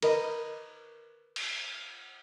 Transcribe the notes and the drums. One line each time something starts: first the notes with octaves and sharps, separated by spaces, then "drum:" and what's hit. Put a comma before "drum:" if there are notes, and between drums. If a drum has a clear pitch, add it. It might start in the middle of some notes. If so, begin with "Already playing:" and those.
A#4 B4 D#5, drum: cymbal
drum: cymbal